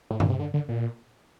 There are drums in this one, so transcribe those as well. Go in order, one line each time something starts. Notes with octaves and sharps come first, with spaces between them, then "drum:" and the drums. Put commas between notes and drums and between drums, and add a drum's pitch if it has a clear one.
A2
A#2, drum: tom G2
C3
D3
D3
A#2